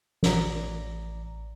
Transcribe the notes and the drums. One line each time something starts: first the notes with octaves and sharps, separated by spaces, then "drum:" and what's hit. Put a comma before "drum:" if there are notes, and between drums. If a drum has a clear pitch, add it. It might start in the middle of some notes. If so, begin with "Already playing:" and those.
A1 D5 A#5, drum: snare